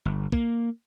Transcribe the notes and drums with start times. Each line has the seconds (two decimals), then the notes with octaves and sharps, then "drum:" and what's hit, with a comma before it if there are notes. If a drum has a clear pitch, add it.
0.05 G1
0.32 A#3, drum: kick